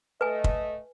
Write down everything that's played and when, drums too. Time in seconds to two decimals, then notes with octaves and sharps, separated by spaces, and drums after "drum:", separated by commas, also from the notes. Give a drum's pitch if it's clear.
0.21 A3 B4 D#5 G#5
0.44 drum: kick